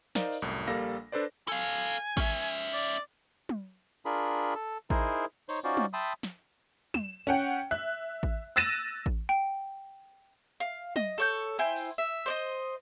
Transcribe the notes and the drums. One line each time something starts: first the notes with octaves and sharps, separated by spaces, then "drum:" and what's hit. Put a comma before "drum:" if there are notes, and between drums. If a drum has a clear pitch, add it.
D#4 A#4 C5 D5 D#5 F5, drum: snare
drum: open hi-hat
C2 F#2 A2
A#1 G3 A#3 A4 F5 A#6
D4 A4 B4 C5 D5
A4 F5 G#5
C#4 E5, drum: kick A1
D5
drum: tom
D4 F4 G#4 A#4 B5
A4
D#4 E4 G#4 A#4 C5, drum: kick A1
D#4 C5 C#5, drum: open hi-hat
C#4 D#4 F4 F#4 C5 D5
drum: tom
E5 G5 A5 B5 C6 D#6
drum: snare
E7, drum: tom
C#4 F#5 G5
E5 F#6
drum: kick A1
E6 F#6 A6 A#6 D#7 E7, drum: tambourine
drum: kick A1
G5
F5
D#5, drum: tom
A4 C#5 G6
E4 C5 G5 G#5
drum: open hi-hat
E5
C5 D5 D#5